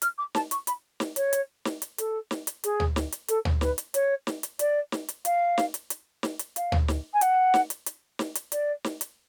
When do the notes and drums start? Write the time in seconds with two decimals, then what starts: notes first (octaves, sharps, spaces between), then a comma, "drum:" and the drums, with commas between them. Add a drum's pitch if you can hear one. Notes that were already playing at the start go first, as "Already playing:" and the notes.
0.02 F6, drum: hi-hat
0.18 D6
0.35 A5, drum: snare
0.51 C#6, drum: hi-hat
0.67 B5, drum: hi-hat
1.00 drum: snare
1.16 C#5, drum: hi-hat
1.33 drum: hi-hat
1.65 drum: snare
1.82 drum: hi-hat
1.98 A4, drum: hi-hat
2.31 drum: snare
2.47 drum: hi-hat
2.64 G#4, drum: hi-hat
2.80 drum: tom
2.96 drum: snare
3.12 drum: hi-hat
3.28 A4, drum: hi-hat
3.45 drum: tom
3.61 B4, drum: snare
3.78 drum: hi-hat
3.94 C#5, drum: hi-hat
4.27 drum: snare
4.43 drum: hi-hat
4.59 D5, drum: hi-hat
4.92 drum: snare
5.09 drum: hi-hat
5.25 F5, drum: hi-hat
5.58 drum: snare
5.74 drum: hi-hat
5.90 drum: hi-hat
6.23 drum: snare
6.39 drum: hi-hat
6.56 F5, drum: hi-hat
6.72 drum: tom
6.88 drum: snare
7.13 G#5
7.21 F#5, drum: hi-hat
7.54 drum: snare
7.70 drum: hi-hat
7.86 drum: hi-hat
8.19 drum: snare
8.35 drum: hi-hat
8.52 D5, drum: hi-hat
8.84 drum: snare
9.01 drum: hi-hat